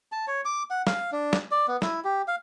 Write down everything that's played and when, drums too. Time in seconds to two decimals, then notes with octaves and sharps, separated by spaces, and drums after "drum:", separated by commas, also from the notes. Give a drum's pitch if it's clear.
0.12 A5
0.28 C#5
0.45 D6
0.70 F#5
0.87 F5, drum: snare
1.12 D4
1.33 drum: snare
1.51 D5
1.68 B3
1.82 E4, drum: snare
2.04 G4
2.28 F5